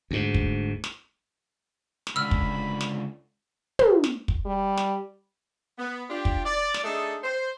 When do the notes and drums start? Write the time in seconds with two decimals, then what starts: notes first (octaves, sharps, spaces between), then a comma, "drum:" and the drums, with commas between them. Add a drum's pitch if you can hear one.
0.11 D2 G#2
0.34 drum: kick
0.84 drum: snare
2.07 drum: snare
2.16 C#2 D3 B5 E6 F6
2.31 drum: kick
2.81 drum: snare
3.79 drum: tom
4.04 drum: snare
4.28 drum: kick
4.46 G3
4.77 drum: snare
5.79 B3
6.09 D4 F4 G4
6.25 drum: kick
6.45 D5
6.74 drum: snare
6.84 A3 D4 D#4 G#4 A4
7.24 C5